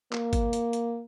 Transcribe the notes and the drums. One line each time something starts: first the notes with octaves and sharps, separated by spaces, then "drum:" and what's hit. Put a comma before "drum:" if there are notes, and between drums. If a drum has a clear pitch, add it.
A#3, drum: clap
drum: kick G#1, hi-hat
drum: hi-hat
drum: hi-hat